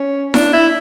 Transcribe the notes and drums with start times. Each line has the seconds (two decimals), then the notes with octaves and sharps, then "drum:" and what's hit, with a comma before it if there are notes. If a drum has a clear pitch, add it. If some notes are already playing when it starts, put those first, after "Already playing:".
Already playing: C#4
0.34 D4, drum: snare E4
0.53 E4